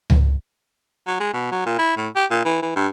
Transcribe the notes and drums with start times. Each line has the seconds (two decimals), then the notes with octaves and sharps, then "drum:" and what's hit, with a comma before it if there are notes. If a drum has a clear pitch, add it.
0.10 drum: tom C#2
1.07 F#3
1.20 G#3
1.33 B2
1.51 F#3
1.66 A#2
1.78 E4
1.97 A2
2.16 G4
2.31 A#2
2.45 E3
2.62 E3
2.76 G2